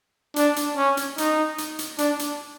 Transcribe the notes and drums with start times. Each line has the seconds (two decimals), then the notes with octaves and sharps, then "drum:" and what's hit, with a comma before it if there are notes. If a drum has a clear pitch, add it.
0.36 D4, drum: hi-hat
0.56 drum: hi-hat
0.77 C#4
0.97 drum: hi-hat
1.18 D#4, drum: hi-hat
1.58 drum: hi-hat
1.79 drum: hi-hat
1.98 D4, drum: hi-hat
2.19 drum: hi-hat